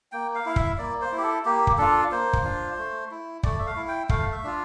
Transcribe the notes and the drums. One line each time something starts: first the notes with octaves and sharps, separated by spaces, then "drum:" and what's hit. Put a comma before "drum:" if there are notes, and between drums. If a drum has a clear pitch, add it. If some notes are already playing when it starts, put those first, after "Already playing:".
A#3 G5
F5
E4 F5
E5, drum: kick
A#3 D5
C5
E4
G4
A4
A#3 G4
drum: kick
D4 F4 A4
A#3 C5
drum: kick
D4 F4
A3
E4
A3 D5, drum: kick
E5
F5
E4
G5
A3 F5, drum: kick
E5
D4 F4